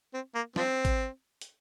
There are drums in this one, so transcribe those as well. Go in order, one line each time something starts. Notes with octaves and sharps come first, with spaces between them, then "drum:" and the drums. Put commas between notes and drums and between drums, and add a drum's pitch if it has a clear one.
C4
A#3
F3 C4, drum: snare
drum: kick, hi-hat
drum: hi-hat